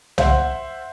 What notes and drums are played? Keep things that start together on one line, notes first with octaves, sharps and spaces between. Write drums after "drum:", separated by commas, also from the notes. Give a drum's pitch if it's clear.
C5 E5 F#5, drum: tom C2